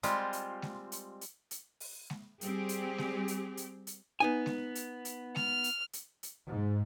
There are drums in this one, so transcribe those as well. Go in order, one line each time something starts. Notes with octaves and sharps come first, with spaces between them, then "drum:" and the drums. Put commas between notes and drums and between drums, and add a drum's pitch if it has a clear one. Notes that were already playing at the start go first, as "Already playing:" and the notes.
G3 G#3 C4 F4, drum: hi-hat
drum: hi-hat
drum: snare G#3
drum: hi-hat
drum: hi-hat
drum: hi-hat
drum: open hi-hat
drum: snare G#3
G3 C4 G4 G#4, drum: hi-hat
drum: hi-hat
drum: snare G#3
drum: hi-hat
drum: hi-hat
drum: hi-hat
B3 D#4 G#5
drum: snare G#3
drum: hi-hat
drum: hi-hat
F6, drum: snare G#3
drum: hi-hat
drum: hi-hat
drum: hi-hat
G#2